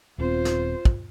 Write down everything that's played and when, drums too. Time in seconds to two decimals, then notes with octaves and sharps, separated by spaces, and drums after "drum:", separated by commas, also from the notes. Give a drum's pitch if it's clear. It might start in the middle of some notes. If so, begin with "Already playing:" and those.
0.18 D#1 B3 C4 F4 C5
0.45 drum: snare
0.85 drum: kick